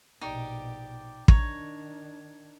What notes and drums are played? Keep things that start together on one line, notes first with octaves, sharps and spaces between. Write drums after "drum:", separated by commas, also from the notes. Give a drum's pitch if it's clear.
A#1 B2 D#4 G4 D5
D#3 D4 C#5 A#5, drum: kick